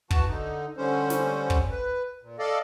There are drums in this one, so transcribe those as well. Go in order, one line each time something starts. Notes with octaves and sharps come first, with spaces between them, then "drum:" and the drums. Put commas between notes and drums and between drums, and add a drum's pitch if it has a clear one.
E3 F#4 A5, drum: kick
D3 D#4
D3 G3 C#4 C5
drum: snare
drum: kick
B4
A#2
A4 D5 D#5 F5